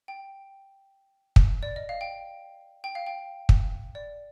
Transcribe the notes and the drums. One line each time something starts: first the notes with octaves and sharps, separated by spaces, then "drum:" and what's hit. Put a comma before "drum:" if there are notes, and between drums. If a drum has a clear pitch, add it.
G5
drum: kick
D5
D#5
F5
G5
G5
F5
G5
drum: kick
D5